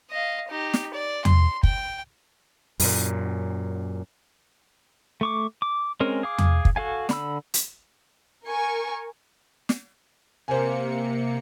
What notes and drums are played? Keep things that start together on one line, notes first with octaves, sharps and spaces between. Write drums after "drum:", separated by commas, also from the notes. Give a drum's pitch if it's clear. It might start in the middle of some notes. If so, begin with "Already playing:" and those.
D#5 F5
D#4 G4
drum: snare
D5
C6, drum: tom E2
G5, drum: kick
F#2 A#2, drum: open hi-hat
A3 C#6 D6
D6
G#3 C4 C#4 A#4
G#4 F5 D6
drum: tom E2
drum: kick
F#4 A4 F5 G#5
D3 B5 E6, drum: snare
drum: hi-hat
A#4 G#5 C#6
drum: snare
C3 A#3 C5 G#5 C#7